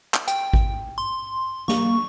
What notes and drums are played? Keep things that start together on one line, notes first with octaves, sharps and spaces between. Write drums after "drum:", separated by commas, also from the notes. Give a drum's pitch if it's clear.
drum: clap
G5, drum: hi-hat
drum: kick G#1
C6
A#3 C#6, drum: snare